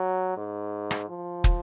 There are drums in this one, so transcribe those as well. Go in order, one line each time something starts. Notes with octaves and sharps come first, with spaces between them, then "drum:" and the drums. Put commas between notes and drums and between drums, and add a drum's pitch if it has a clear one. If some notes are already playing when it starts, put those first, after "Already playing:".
Already playing: F#3
G#2
drum: rim click
F3
drum: kick